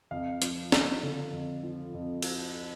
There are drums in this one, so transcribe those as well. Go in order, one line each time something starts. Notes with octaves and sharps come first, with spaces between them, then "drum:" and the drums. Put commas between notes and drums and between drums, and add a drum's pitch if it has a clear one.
F2 F5
F3, drum: hi-hat
F2, drum: snare
D3
F2
F3
F2
drum: cymbal